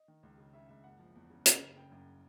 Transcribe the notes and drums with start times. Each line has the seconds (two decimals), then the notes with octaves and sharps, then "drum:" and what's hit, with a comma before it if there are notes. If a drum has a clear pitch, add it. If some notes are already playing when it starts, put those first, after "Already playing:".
Already playing: D#5
0.08 D#3
0.23 C#2
0.38 C#3
0.54 C#3 E5
0.69 C#2 E5
0.84 F#1 F#5
0.99 F3
1.15 E2
1.30 C#3
1.46 C#3, drum: hi-hat
1.62 F#1
1.76 C#3 G5
1.91 F#2